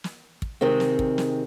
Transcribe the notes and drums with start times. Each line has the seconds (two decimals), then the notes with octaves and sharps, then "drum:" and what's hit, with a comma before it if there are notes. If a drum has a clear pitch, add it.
0.04 drum: snare
0.42 drum: kick
0.61 C3 D#3 G#3 C4
0.80 drum: snare
0.99 drum: kick
1.18 drum: snare